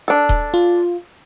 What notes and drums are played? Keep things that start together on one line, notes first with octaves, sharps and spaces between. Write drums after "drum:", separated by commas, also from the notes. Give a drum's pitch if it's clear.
D4 A4
drum: kick D#1
F4